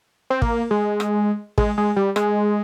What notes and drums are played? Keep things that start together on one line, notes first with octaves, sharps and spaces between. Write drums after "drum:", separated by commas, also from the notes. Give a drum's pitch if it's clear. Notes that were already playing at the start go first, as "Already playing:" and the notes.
C4
A#3, drum: kick
G#3
drum: rim click
G#3, drum: kick
G#3
G3
G#3, drum: rim click